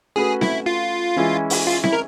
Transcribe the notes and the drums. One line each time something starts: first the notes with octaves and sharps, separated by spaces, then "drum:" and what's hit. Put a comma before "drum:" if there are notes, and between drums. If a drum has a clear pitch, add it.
A3 C#4 F#4 G#4 B4
E4, drum: snare C4
F4
E3 G#3 C#4 E4
drum: open hi-hat
F4
E4, drum: snare C4
A#4